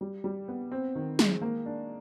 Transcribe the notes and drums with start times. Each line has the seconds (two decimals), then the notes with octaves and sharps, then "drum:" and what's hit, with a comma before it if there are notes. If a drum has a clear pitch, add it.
0.01 G3
0.24 G3
0.48 B3
0.71 C4
0.95 D#3
1.19 G#3, drum: snare
1.42 A#3
1.66 D4